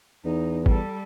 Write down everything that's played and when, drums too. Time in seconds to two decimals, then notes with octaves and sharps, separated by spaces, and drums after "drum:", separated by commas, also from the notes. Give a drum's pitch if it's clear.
0.25 E2 D#4
0.66 G3 A4, drum: kick